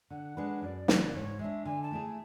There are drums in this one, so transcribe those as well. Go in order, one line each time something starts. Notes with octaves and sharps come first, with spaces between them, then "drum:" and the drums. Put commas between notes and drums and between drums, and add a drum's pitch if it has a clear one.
D3 F#5
G#3 D4 G#4 B4
F#2 D5
C#3 E3, drum: snare
G#2 C#5
G#3 D4 E5
D3 G#5
A5
A3 E4 G#4